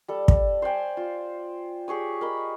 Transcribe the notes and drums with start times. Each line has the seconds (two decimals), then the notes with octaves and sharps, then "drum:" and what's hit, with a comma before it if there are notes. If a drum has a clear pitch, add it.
0.08 G3 A4
0.28 drum: kick
0.62 C5 D5 G5 G#5
0.97 F4
1.88 G4 G#4 C#5 D#6
2.21 A#4 D#5 B5